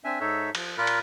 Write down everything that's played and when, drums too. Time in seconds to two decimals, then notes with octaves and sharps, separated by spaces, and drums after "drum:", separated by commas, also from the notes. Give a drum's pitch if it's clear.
0.04 C4 D4 E5 G#5
0.20 G#2 D#4 A4 C#5 E5
0.55 F3, drum: cymbal
0.78 A#2 A#3 F4 A#4 B5 F#6
0.87 drum: cymbal